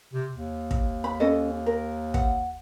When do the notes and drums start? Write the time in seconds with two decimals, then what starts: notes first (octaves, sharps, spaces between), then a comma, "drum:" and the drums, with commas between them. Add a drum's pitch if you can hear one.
0.13 C3
0.34 D#2
0.71 drum: kick
1.04 B5
1.20 C#4 A4 D#5
1.66 A#4
2.14 F#5, drum: kick